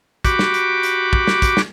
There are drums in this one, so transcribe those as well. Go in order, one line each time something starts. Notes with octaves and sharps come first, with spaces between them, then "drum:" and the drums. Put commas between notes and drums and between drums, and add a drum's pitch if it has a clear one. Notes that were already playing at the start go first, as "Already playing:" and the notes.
F#4 G4 B5 D6, drum: kick, hi-hat
drum: snare
drum: hi-hat
drum: hi-hat
drum: kick
drum: snare
drum: kick, hi-hat
drum: snare